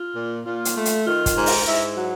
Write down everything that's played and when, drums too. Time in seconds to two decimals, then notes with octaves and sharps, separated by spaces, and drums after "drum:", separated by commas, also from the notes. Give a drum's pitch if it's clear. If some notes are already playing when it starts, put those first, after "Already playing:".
Already playing: F4
0.14 A#2
0.44 A#2 F4
0.65 drum: hi-hat
0.75 A3
0.85 drum: hi-hat
1.05 D#3 F4
1.26 drum: kick, hi-hat
1.37 G#2
1.46 drum: open hi-hat
1.67 G#2 E4
1.96 F#3